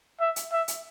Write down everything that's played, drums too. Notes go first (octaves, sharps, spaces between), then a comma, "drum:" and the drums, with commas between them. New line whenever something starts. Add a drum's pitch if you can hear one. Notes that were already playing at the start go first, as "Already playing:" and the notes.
E5
drum: hi-hat
E5
drum: hi-hat